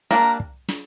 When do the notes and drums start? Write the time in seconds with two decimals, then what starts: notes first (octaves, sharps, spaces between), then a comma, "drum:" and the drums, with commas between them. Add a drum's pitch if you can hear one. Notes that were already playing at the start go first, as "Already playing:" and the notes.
0.11 G3 A#3 D4 A#4, drum: snare
0.40 drum: kick
0.69 drum: snare